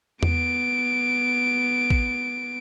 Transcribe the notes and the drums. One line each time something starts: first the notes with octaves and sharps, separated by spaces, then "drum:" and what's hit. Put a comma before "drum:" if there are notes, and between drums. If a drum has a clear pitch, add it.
B3 D7, drum: tom E2
drum: kick